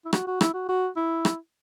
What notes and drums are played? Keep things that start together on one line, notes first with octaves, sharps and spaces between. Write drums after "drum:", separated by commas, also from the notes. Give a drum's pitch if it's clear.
E4
F#4, drum: rim click
F#4
E4, drum: rim click
F#4
F#4
E4
drum: rim click